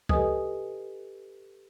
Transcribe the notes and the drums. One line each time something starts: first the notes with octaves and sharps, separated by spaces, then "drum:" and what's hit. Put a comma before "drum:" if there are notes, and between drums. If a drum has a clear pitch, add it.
G4 A4 B4 D#5 G#5 D#6, drum: kick C#2